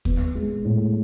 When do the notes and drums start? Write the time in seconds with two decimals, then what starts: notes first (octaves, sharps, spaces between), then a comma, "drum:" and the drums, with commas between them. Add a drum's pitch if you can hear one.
0.05 B3, drum: kick
0.35 G#3
0.65 A2